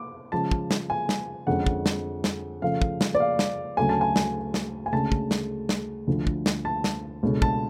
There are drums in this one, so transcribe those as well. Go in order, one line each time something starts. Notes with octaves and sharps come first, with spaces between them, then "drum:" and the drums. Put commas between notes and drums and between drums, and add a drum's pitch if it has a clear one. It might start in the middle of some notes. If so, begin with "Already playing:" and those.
Already playing: D6
C#3 F3 G#3 A5
drum: kick
drum: snare
G#5
drum: snare
F2 D3 G#3 C#4 F#5
drum: kick
drum: snare
drum: snare
C#3 F3 A3 F5
drum: kick
drum: snare
D5
F5
drum: snare
D2 C#3 F#3 A3 G#5
A5
G#5
drum: snare
drum: snare
G#5
D2 C#3 G#3 A5
drum: kick
drum: snare
drum: snare
D2 D3 F3
drum: kick
drum: snare
A5
drum: snare
C#2 B2 A3 D4
A5, drum: kick